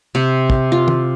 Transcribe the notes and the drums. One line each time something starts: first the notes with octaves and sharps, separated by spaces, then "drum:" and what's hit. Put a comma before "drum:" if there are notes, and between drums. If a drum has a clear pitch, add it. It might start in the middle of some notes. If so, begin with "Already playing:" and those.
C3
drum: kick
F4
drum: tom